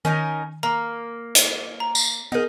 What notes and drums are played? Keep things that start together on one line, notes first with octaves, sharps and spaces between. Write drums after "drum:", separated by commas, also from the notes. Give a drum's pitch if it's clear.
D#3 C#4 D#4 A#4
A#3 A#5
drum: hi-hat
A#5
drum: tambourine
B3 D#4 G#4 A#4